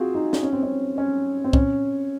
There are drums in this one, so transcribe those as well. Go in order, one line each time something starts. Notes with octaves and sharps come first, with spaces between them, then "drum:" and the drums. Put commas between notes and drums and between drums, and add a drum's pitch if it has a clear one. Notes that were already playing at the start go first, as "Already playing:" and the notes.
Already playing: C4 F4 F#4 G#4
D#4
drum: snare
C#4
C4
C#4
C#4
C4
C#4, drum: kick C2